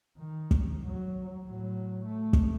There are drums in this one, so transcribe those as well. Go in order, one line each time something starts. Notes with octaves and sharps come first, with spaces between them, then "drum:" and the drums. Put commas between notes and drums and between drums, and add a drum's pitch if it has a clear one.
D#3
drum: kick
F#3
A2 F#3
A3
drum: kick